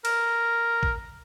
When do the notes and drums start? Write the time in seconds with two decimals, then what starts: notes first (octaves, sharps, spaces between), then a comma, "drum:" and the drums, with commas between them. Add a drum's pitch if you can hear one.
0.05 A#4, drum: cymbal
0.83 drum: kick A1